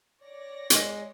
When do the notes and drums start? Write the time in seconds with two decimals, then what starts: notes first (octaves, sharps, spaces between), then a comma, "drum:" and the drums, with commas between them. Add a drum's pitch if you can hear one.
0.21 C#5 D5 A#6
0.70 G#3 D#5, drum: hi-hat